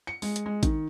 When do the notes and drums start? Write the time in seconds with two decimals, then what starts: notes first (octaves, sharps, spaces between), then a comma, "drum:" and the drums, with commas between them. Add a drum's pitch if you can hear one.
0.07 C#7
0.22 G#3, drum: open hi-hat
0.36 drum: hi-hat
0.46 G#3
0.63 D#3, drum: kick A1, hi-hat